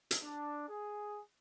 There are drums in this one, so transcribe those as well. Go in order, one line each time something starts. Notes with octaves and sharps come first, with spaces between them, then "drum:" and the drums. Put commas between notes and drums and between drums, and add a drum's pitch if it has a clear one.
drum: hi-hat
D4
G#4